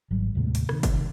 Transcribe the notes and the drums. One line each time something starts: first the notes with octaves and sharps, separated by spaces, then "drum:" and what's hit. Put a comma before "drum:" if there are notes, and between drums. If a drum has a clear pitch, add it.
G#1 F#3 G3
D#2 A2 C3 G#3
drum: hi-hat
C3 D#3, drum: rim click
drum: kick F#1, hi-hat